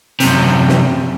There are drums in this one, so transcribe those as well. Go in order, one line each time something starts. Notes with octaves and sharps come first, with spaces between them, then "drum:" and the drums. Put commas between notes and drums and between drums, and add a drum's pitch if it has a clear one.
F#2 C3, drum: hi-hat
drum: snare